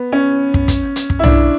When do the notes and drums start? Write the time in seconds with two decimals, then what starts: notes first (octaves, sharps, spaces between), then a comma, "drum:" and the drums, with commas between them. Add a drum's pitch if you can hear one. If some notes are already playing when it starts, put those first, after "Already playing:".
Already playing: B3
0.12 C#4
0.54 drum: kick
0.68 drum: kick, hi-hat
0.96 drum: hi-hat
1.10 drum: kick
1.19 E4
1.24 D4, drum: tom B1